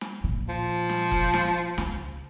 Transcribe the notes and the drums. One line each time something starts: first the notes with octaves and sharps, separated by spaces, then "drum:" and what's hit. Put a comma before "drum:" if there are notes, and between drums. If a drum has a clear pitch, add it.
drum: snare
A#2
F3
drum: snare
drum: kick F1
drum: snare
C#2, drum: snare